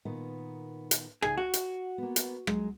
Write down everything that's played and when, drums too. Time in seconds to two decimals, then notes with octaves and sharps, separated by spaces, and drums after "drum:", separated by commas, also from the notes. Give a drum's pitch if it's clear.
0.05 A#2 D#3 B3
0.91 drum: hi-hat
1.22 C#3 D#4 G#4, drum: rim click
1.38 F#4 C#5
1.54 drum: hi-hat
1.98 A#3 B3
2.16 drum: hi-hat
2.47 F#3 G#3, drum: rim click